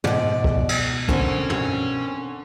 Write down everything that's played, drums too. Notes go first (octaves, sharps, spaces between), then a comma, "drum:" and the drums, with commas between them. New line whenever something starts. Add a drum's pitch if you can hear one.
G#2 B2 D5 F#5, drum: tom
drum: kick C2
drum: cymbal
D3 C4 C#4 A#4, drum: kick C2
drum: tom